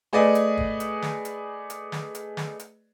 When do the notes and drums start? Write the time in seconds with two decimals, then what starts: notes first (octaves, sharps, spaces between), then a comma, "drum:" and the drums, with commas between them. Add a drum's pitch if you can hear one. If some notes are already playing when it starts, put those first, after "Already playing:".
0.13 A3 G#4 B4 D5 D#5 G#5
0.35 drum: hi-hat
0.58 drum: kick
0.80 drum: hi-hat
1.02 drum: snare
1.25 drum: hi-hat
1.70 drum: hi-hat
1.92 drum: snare
2.15 drum: hi-hat
2.37 drum: snare
2.59 drum: hi-hat